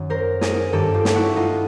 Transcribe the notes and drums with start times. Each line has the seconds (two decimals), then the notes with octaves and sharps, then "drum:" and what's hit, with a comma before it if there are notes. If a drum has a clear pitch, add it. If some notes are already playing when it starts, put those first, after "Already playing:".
Already playing: F#2 D#3
0.10 A#4 C5
0.41 G#4 A#4, drum: snare
0.73 G2 D#3 G4 A4
0.94 F4 G4
1.05 drum: snare
1.15 E4 F#4
1.36 D#4 F4